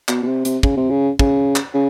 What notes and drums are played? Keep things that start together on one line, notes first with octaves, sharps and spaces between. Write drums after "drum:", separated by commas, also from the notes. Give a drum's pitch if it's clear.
B2, drum: clap
B2
C3
C3, drum: hi-hat
C#3, drum: kick
C3
C#3
C#3, drum: kick
drum: clap
C#3